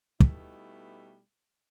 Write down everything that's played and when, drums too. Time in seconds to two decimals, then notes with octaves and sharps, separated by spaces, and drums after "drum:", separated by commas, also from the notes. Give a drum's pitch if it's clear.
0.20 B2 G3 A3 B3 D#4 E4, drum: kick